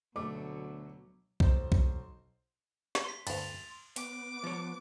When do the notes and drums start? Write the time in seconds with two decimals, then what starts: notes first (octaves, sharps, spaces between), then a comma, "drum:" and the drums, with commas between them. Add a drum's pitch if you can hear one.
0.16 D2 B2 F#3 A3 D6
1.40 B1 C5, drum: kick B1
1.72 drum: kick B1
2.95 drum: snare
3.04 C6 B6
3.27 D2 G2 A6 F7, drum: cymbal
3.96 B3 D6, drum: hi-hat
4.43 F3 C#5